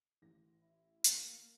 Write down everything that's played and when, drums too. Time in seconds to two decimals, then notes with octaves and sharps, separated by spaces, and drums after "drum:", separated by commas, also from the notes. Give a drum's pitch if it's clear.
0.22 A1 A#6
0.59 E4
1.04 A#3, drum: hi-hat